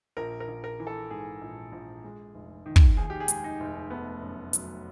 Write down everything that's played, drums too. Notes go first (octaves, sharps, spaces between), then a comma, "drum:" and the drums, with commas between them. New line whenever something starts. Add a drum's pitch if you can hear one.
A#1 A#4
A#4
A#1
A#4
E3
A4
G#2 G#4
A#1
A#1
G#3
F1
D#3
drum: kick
D#2 G#4
G4
G#4
G#3, drum: hi-hat
D#4
F1
A3 B3
F#2
F#3, drum: hi-hat